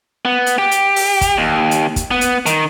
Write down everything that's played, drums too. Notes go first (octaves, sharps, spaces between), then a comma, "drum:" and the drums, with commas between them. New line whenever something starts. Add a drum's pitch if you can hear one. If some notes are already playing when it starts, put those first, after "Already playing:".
B3
drum: hi-hat
G4
drum: hi-hat
drum: open hi-hat
drum: kick, hi-hat
D#2
drum: hi-hat
drum: kick, hi-hat
B3
drum: hi-hat
D#3, drum: hi-hat